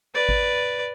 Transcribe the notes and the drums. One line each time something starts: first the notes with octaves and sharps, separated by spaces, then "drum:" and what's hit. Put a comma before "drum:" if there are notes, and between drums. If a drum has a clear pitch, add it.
B4 D5
drum: kick G#1